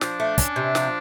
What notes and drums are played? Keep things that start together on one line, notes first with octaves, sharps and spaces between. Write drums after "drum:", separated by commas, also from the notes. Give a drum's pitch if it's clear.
F3 D4, drum: snare
A3
C#4, drum: kick, hi-hat
C3
F3, drum: snare